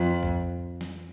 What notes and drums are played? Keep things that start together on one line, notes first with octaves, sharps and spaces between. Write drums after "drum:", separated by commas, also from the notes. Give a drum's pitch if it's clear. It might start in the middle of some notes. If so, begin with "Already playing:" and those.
Already playing: F2
drum: kick A#1
drum: snare